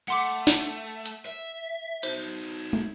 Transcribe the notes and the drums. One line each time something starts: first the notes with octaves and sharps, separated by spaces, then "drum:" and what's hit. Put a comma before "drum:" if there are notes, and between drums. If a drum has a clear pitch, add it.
A3 F#5 C6 D6
drum: snare
drum: hi-hat
E5
D#4 F#4 C5, drum: hi-hat
drum: tom